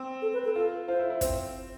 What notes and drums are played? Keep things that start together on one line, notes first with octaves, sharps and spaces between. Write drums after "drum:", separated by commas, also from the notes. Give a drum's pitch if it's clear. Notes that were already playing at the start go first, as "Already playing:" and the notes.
Already playing: C4
A4
B4
A4
F4 A4
F4 C5
E4
E4
C4 C5, drum: kick, hi-hat